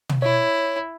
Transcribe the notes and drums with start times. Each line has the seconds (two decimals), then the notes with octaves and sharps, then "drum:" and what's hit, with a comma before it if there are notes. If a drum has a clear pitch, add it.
0.09 drum: tom
0.22 E4 C#5